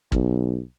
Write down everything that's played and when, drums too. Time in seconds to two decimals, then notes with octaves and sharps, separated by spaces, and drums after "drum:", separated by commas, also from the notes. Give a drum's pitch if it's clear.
0.12 B1, drum: kick